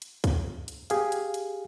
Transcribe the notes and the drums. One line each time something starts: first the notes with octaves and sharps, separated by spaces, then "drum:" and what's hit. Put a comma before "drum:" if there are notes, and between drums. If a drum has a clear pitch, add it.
drum: hi-hat
drum: kick, hi-hat
drum: hi-hat
G4 G#4 F5, drum: hi-hat
drum: hi-hat
drum: hi-hat